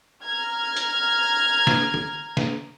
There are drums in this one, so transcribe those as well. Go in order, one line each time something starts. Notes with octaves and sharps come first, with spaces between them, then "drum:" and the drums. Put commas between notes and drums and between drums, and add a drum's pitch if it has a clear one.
A#5 F6 G#6
drum: hi-hat
drum: snare
drum: tom
drum: snare